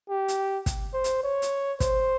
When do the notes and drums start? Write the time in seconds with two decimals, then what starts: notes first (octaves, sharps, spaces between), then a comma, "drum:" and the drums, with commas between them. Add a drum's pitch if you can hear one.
0.10 G4
0.28 drum: hi-hat
0.66 drum: kick, hi-hat
0.94 C5
1.04 drum: hi-hat
1.23 C#5
1.42 drum: hi-hat
1.80 C5, drum: kick, hi-hat